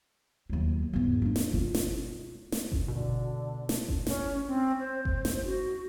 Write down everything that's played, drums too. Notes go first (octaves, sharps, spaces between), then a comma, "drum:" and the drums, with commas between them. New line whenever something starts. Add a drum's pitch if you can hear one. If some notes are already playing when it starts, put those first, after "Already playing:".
D#2 F#3
E2 G#2
A#3 D4
drum: snare
B2 F4, drum: kick G1
drum: snare
drum: snare
drum: kick G1
B2 D3
drum: snare
drum: kick G1
C#4, drum: snare
C4
C5
drum: kick G1
drum: snare
F#4